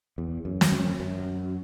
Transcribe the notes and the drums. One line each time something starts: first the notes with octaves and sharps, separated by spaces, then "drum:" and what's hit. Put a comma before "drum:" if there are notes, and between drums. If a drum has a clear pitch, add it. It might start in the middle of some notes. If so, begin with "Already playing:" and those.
E2
F#2
drum: snare
F#2
F#2